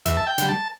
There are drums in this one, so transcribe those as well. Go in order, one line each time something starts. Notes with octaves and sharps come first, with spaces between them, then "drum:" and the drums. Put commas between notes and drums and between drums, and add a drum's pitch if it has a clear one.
E2 E5, drum: hi-hat
A5
G5
D3 G3, drum: hi-hat
A5